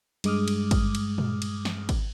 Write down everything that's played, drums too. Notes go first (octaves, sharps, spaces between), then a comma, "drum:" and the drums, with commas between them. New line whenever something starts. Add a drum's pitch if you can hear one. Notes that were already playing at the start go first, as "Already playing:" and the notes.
G2 G#3 D6 D#6 F6, drum: cymbal
drum: cymbal
drum: kick G#1, cymbal
drum: cymbal
drum: tom A#2
drum: cymbal
drum: snare
drum: kick G#1, cymbal